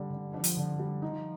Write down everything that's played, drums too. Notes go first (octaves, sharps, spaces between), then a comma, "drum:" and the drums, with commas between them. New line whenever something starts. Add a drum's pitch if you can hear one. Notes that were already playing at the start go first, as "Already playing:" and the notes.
Already playing: D3 G3
D3
F3 D4
drum: hi-hat
D3
G3
F3 D#4